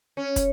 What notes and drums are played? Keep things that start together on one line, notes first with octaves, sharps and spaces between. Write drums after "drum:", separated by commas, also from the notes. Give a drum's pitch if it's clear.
C#4
drum: kick, hi-hat